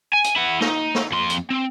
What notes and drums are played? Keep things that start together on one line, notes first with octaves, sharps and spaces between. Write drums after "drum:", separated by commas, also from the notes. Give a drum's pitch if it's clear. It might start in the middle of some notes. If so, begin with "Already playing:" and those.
G#5
drum: hi-hat
E4 F#5
D#4, drum: snare
drum: snare
F2 C6
drum: hi-hat
C4